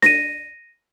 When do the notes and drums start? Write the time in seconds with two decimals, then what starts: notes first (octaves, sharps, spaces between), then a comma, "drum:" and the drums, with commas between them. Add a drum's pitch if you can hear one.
0.02 A#6 D#7, drum: snare D4